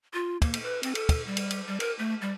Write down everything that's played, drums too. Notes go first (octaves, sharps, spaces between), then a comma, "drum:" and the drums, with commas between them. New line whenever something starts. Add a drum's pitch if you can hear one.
F4
A#3, drum: kick, cymbal
drum: cymbal
B4
C4, drum: cymbal
A4, drum: cymbal
drum: kick, cymbal
G3
drum: cymbal
drum: cymbal
G3
A#4, drum: cymbal
A3
G3